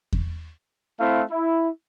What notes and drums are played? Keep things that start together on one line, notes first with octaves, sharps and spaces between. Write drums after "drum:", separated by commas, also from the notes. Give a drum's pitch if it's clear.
drum: kick E2
A3 C4 E4 F5
E4